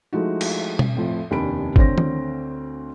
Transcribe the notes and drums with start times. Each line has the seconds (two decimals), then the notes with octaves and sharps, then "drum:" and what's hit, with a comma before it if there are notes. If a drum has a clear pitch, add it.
0.13 F3 G#3 A3 D#4 E4 F#4
0.41 drum: cymbal
0.79 drum: tom B2
0.95 F2 A2 F3
1.31 F1 D#2 C#4 D4 B5 D7
1.76 D2 D3 C4 C#5 A#6, drum: kick
1.98 drum: tom D#3